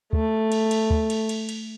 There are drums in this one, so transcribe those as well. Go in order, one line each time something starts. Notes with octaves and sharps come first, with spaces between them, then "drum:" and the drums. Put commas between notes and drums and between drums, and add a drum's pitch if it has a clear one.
A3, drum: kick
drum: cymbal
drum: cymbal
drum: kick
drum: cymbal
drum: cymbal
drum: cymbal